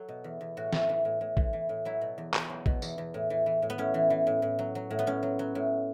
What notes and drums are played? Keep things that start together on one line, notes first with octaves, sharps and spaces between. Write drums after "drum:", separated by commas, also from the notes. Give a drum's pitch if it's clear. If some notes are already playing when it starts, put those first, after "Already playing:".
Already playing: F#3 A4
B2
E2
E2
A2 F#4
E3, drum: snare
E3
A2
A2
E3, drum: kick
E3
A2
F#3 E4
B2
E2
E2, drum: clap
F#3
B2, drum: kick
E2, drum: tambourine
E2
A2
E3
E3
A2
B3
A2 C#4
E3
E3
A2
A2
F#3
F#3
A2
B3
A2 C#4
F#3
F#3
A2